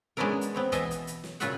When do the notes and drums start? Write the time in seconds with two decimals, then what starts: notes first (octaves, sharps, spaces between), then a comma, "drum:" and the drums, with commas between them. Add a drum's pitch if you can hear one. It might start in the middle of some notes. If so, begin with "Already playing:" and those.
0.17 G#3 B3 C#4 D4 E4 A#4
0.41 drum: hi-hat
0.54 B3 C4 C#5
0.72 B2 E3 D#5 E5 G#5 A5, drum: kick, hi-hat
0.91 drum: hi-hat
1.07 drum: hi-hat
1.24 drum: snare
1.40 A#2 C#3 F4 F#4 E5 F#5, drum: hi-hat